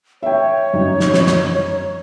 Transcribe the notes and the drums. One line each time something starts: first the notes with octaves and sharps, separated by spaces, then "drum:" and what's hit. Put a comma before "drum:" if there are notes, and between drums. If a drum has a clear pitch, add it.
C#5 E5 G5
F#2 D#4
drum: snare
drum: snare
drum: snare